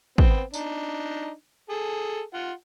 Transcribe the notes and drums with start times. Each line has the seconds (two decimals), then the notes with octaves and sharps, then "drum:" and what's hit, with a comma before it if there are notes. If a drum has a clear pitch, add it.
0.18 B3 C4, drum: kick
0.54 D4 D#4, drum: tambourine
1.70 G#4 A4
2.34 F4 F#5